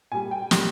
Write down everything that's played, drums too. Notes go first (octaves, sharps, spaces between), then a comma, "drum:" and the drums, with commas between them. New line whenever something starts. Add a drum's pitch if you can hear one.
A#2 G3 G#5
G5
A#2 G3, drum: snare